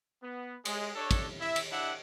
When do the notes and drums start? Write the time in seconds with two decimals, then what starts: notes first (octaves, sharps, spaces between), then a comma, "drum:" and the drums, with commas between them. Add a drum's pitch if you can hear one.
0.23 B3
0.65 G#3, drum: cymbal
0.95 D4 A4 C#5
1.11 drum: kick, cymbal
1.40 E4 E5
1.56 drum: cymbal
1.72 D4 E4 E5 F#5